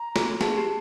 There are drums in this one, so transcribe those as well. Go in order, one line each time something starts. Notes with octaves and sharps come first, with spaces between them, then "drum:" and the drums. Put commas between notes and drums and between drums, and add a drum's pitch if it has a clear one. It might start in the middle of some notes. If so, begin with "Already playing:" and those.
Already playing: A#5
A4, drum: snare
G#4 A5, drum: snare
G4